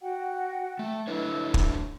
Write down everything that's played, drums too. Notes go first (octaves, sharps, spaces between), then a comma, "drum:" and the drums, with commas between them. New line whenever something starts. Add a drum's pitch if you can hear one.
F#4 F#5 G5
A3 G5 A5
A3 D4 E4 B4 C#5 D#5
drum: kick